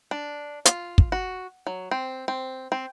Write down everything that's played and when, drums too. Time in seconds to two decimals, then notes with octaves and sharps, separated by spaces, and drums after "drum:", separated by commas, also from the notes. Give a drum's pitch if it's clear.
0.11 D4
0.65 F4, drum: hi-hat
0.98 drum: kick
1.12 F#4
1.67 F#3
1.91 C4
2.28 C4
2.72 C4